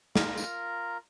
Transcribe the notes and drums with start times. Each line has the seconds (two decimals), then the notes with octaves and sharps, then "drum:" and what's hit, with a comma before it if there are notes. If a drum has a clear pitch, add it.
0.16 F4 A#4 A#5, drum: snare
0.38 drum: tambourine